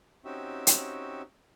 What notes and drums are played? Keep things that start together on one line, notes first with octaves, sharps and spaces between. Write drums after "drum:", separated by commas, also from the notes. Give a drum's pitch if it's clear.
C4 C#4 D#4 F#4 G4 E5
drum: hi-hat